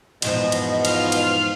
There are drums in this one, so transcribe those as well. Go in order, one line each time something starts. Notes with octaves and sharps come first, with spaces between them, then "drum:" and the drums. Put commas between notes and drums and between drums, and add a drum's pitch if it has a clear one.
E2 G#2 B2 F3 D#5, drum: cymbal
drum: cymbal
F4 F6, drum: cymbal
drum: cymbal